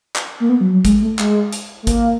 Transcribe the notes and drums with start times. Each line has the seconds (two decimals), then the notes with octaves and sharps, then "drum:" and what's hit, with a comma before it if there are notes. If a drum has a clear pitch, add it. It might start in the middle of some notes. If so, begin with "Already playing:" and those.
0.16 drum: clap
0.40 A#3
0.49 B3
0.61 F#3
0.73 F#3
0.85 G#3, drum: kick G#1, hi-hat
1.01 A3
1.19 G#3, drum: clap
1.53 drum: hi-hat
1.83 A3
1.87 A#3, drum: kick G#1, hi-hat